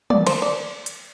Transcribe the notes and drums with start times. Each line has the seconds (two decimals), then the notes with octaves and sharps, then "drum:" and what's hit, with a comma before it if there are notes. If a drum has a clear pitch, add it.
0.10 D5, drum: tom
0.27 C5, drum: cymbal
0.42 D5
0.86 drum: hi-hat